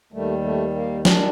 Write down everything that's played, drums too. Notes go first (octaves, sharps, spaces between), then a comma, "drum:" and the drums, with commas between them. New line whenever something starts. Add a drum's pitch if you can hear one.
D#2 D#3 G3 A3
A3
A#3
D#3 G3 D4, drum: snare